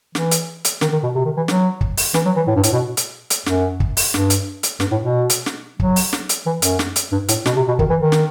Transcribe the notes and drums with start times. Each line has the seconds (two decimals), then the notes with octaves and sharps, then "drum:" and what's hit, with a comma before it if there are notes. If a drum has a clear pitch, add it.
0.15 E3, drum: snare
0.31 drum: hi-hat
0.64 drum: hi-hat
0.81 D#3, drum: snare
0.93 D#3
1.03 B2
1.15 C3
1.25 D#3
1.37 E3
1.48 F#3, drum: snare
1.81 drum: kick
1.97 drum: open hi-hat
2.14 E3, drum: snare
2.25 F#3
2.36 E3
2.47 A2
2.56 G2
2.63 A2, drum: hi-hat
2.72 B2
2.97 drum: hi-hat
3.30 drum: hi-hat
3.46 F#2, drum: snare
3.80 drum: kick
3.97 drum: open hi-hat
4.14 G2, drum: snare
4.30 drum: hi-hat
4.63 drum: hi-hat
4.80 G2, drum: snare
4.91 A2
5.02 B2
5.30 drum: hi-hat
5.46 drum: snare
5.80 F#3, drum: kick
5.96 drum: open hi-hat
6.13 drum: snare
6.29 drum: hi-hat
6.46 E3
6.62 F#2, drum: hi-hat
6.79 drum: snare
6.96 drum: hi-hat
7.12 G2
7.28 A2, drum: hi-hat
7.46 B2, drum: snare
7.56 C3
7.68 B2
7.79 D#3, drum: kick
7.90 E3
8.00 D#3
8.12 drum: snare